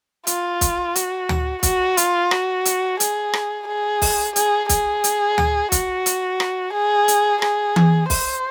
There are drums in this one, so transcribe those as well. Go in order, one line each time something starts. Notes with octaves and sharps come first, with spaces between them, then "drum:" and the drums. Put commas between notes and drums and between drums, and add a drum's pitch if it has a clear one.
F4, drum: hi-hat
drum: kick, hi-hat
F#4, drum: hi-hat
drum: tom D2
F#4, drum: kick, hi-hat
F4, drum: hi-hat
F#4, drum: rim click
drum: hi-hat
G#4, drum: hi-hat
drum: rim click
G#4
drum: kick, open hi-hat
G#4, drum: hi-hat
G#4, drum: kick, hi-hat
drum: hi-hat
drum: tom D2
F#4, drum: kick, hi-hat
drum: hi-hat
drum: rim click
G#4
drum: hi-hat
G#4, drum: rim click
drum: tom E3
C5, drum: kick, open hi-hat